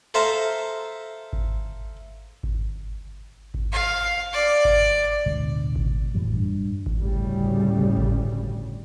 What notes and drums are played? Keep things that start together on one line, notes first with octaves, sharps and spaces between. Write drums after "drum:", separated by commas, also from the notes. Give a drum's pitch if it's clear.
A4 C5 E5 F5 A#5
drum: kick G#1
drum: kick G#1
drum: kick G#1
F5
D5
drum: kick G#1
D1 B2 D3 G#3
drum: kick G#1
F2 A2 E3 F#3
G2
drum: kick G#1
G1 D2 A2 C#3 G3
drum: kick G#1